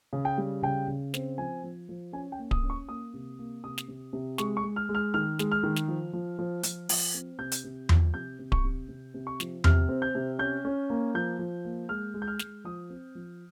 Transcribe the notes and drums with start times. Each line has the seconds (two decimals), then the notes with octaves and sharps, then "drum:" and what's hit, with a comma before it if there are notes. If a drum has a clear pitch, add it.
0.13 C#3
0.25 G5
0.38 G3
0.62 C#3 G5
0.88 C#3
1.14 C4, drum: snare
1.38 F3 G#5
1.63 F3
1.89 F3
2.13 C#4 G#5
2.32 G5
2.38 A#3
2.51 D#6, drum: kick D1
2.63 C#4
2.70 C#6
2.89 A#3 D#6
3.14 C3
3.39 A#3
3.64 C3 D#6
3.78 drum: snare
3.88 C3
4.13 C3
4.38 G#3 C#6, drum: snare
4.57 C#6
4.63 G#3
4.76 F6
4.89 G#3
4.95 F6
5.14 D#3 F6
5.39 G#3, drum: snare
5.52 F6
5.63 D#3
5.76 drum: snare
5.88 F3
6.13 F3
6.39 F3
6.63 F3, drum: hi-hat
6.89 F3, drum: open hi-hat
7.14 C4
7.39 C3 G6
7.52 drum: hi-hat
7.64 C3
7.89 F3, drum: tom E2
8.14 C3 G6
8.39 C3
8.52 C#6, drum: kick D1
8.64 C3
8.89 C3
9.14 C3
9.27 C#6
9.40 F3, drum: snare
9.64 C3 F6, drum: tom E2
9.89 C4
10.02 G6
10.15 C3
10.39 C#4 G6
10.65 C#4
10.90 A#3
11.15 F3 G6
11.39 F3
11.65 A#3
11.89 G#3 F6
12.14 G#3
12.22 G6
12.28 F6
12.39 G#3, drum: snare
12.65 F3 D#6
12.90 C4
13.15 F3